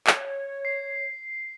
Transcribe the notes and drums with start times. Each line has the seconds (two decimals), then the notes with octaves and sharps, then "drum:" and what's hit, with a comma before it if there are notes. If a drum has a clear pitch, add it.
0.07 C#5, drum: clap
0.65 C7